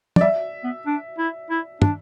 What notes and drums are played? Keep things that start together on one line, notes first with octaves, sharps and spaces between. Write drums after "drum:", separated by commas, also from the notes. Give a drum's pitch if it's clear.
D5, drum: tom
G3 E5
B3
D4
E4
E4
D4, drum: tom